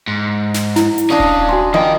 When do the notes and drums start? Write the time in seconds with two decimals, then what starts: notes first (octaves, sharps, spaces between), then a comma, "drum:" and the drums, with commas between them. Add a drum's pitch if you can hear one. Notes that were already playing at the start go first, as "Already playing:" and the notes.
0.08 G#2
0.54 drum: snare
0.76 E4, drum: snare
0.98 drum: hi-hat
1.10 C#4 D4 D#5 F5
1.20 drum: kick D#1
1.49 F#4 G#5 C6
1.74 D#3 A#3 F4 D#5 G5 D#6